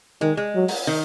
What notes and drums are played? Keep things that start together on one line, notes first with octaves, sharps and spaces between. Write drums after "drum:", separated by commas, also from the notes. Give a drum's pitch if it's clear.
D#3 G#3
G#3
F#3
drum: open hi-hat
D#3